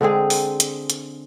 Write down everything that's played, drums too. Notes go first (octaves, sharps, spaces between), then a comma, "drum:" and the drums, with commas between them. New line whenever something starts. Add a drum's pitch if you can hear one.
D3 G#3 C4 G#4
drum: open hi-hat
drum: hi-hat
drum: hi-hat